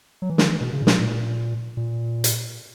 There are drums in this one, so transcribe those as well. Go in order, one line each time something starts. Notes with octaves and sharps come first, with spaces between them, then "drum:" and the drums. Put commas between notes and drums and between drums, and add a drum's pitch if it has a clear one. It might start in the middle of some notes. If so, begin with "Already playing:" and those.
F#3
E3
D#3, drum: snare
E3
B2
C#3
A#2
B2, drum: snare
A#2
A#2
drum: hi-hat